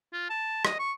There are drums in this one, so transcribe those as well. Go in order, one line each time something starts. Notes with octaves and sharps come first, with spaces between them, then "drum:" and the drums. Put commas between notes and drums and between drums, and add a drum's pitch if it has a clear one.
F4
A5
D#5, drum: rim click
C#6